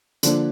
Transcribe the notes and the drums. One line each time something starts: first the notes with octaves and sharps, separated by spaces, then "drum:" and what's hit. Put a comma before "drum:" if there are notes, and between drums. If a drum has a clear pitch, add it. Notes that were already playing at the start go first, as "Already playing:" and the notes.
D3 F3 A#3 D4, drum: hi-hat